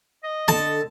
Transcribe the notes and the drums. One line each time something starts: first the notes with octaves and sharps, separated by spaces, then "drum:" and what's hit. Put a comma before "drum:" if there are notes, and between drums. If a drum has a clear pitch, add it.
D#5
D3 A4 A5, drum: snare